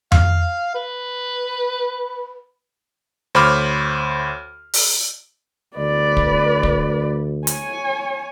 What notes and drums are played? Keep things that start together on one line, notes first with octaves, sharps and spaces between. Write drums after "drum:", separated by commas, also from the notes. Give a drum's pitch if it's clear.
F5, drum: tom F2
B4
D2 C5 C#5 B5 D6 F6
drum: open hi-hat
D2 B4 D5
drum: kick
drum: kick
C#5 G#5, drum: hi-hat